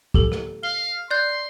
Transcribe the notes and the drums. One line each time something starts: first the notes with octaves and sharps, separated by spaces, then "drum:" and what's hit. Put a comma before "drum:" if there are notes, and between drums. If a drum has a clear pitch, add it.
G4 A4 F#7, drum: kick
drum: rim click
F5 G7
D5 C6 F#6 G6